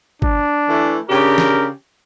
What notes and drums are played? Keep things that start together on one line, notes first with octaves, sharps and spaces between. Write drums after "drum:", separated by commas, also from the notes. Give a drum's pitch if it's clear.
D4, drum: kick G1
E3 A3
C#3 D4 G4 A#4
drum: snare